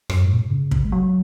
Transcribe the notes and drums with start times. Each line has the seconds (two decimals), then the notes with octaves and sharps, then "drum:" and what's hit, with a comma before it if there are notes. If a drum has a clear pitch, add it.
0.10 F#2, drum: rim click
0.24 G#2
0.33 B2
0.38 G#2
0.51 C#3
0.71 drum: kick
0.85 G#3
0.92 F#3